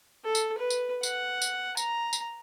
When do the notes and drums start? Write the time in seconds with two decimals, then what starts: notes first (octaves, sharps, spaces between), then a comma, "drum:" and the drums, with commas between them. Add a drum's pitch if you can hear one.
0.24 A4
0.35 drum: tambourine
0.58 B4
0.70 drum: tambourine
1.03 F#5, drum: tambourine
1.42 drum: tambourine
1.77 A#5, drum: tambourine
2.13 drum: tambourine